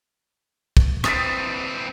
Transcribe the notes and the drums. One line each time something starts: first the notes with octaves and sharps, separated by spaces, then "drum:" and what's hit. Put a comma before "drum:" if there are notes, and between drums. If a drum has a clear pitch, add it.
drum: kick
E3 C4 D#6 A6 B6, drum: rim click